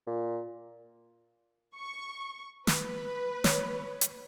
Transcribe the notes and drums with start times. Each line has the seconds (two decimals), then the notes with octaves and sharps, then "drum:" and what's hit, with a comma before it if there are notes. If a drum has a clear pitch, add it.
0.07 A#2
1.76 C#6
2.67 B4, drum: snare
3.44 C#5, drum: snare
4.01 drum: hi-hat